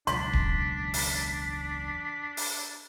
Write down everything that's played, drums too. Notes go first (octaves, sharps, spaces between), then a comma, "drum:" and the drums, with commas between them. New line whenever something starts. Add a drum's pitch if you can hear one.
E1 C#2 F#3 D4 C6 B6, drum: hi-hat
drum: kick D1
drum: open hi-hat
drum: open hi-hat